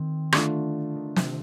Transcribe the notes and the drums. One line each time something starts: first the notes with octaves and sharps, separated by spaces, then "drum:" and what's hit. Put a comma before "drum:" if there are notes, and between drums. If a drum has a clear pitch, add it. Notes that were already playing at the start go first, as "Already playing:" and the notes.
Already playing: D#3 C4
D3 A3 D4 F4, drum: rim click
D#3
C3, drum: snare